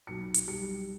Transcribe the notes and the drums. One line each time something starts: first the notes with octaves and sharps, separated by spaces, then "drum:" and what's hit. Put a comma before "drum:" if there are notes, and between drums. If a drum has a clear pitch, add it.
B1 C#7
drum: hi-hat
G3 C#7